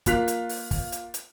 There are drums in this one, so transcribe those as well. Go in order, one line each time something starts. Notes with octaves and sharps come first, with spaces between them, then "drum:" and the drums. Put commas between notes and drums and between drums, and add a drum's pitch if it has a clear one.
A#3 F4 F#6 B6 F7, drum: kick, hi-hat
drum: hi-hat
drum: open hi-hat
drum: kick, open hi-hat
drum: hi-hat
drum: hi-hat